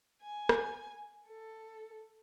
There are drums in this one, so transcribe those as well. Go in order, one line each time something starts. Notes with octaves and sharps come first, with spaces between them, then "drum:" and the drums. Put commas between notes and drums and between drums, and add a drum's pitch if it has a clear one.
G#5
drum: rim click
A4